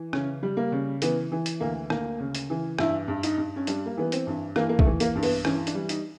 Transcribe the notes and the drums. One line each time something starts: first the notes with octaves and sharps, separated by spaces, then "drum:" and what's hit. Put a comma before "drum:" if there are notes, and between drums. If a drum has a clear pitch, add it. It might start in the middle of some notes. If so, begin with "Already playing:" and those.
Already playing: E3
C#3 C#4, drum: rim click
G3
A#3
C#3
E3 B3, drum: hi-hat
E3
drum: hi-hat
D2 A#3
D2 A#3, drum: rim click
C#3
drum: hi-hat
E3
G2 E4, drum: rim click
G2
D#4, drum: hi-hat
G2
C#4
G3 D4, drum: hi-hat
A#3
E3 B3
C4, drum: hi-hat
G2
E3 A#3, drum: rim click
A#3
A3, drum: kick
E3
A#3, drum: hi-hat
G2
B3, drum: open hi-hat
E3 C#4, drum: rim click
D4, drum: hi-hat
G3
D#4, drum: hi-hat